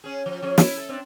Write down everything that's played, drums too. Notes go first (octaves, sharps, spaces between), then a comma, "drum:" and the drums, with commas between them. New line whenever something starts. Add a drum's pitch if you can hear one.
C#4 G#4
F3
F3 C#4 G#4
E4, drum: snare
A4
C4 D4